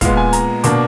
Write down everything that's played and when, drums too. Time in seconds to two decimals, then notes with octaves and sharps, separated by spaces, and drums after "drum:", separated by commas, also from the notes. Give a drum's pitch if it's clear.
0.01 A#2 G#3 B3 F5, drum: kick, hi-hat
0.17 G#5
0.33 A#5, drum: hi-hat
0.64 B2 A#3 D4 D6, drum: hi-hat